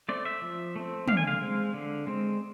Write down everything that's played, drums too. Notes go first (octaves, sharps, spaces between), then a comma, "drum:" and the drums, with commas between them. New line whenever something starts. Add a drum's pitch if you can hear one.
A3 C4 D5
E5
F3
A3 C4
D3 F5, drum: tom
G#5
F5
G#3 C4
D3
G#3 C4